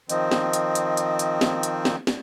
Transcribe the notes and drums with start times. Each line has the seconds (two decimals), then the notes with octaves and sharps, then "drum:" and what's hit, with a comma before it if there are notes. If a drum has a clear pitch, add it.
0.09 D#3 F3 C4 D#5, drum: hi-hat
0.31 drum: snare
0.53 drum: hi-hat
0.75 drum: hi-hat
0.97 drum: hi-hat
1.19 drum: hi-hat
1.41 drum: snare
1.63 drum: hi-hat
1.85 drum: snare
2.07 drum: snare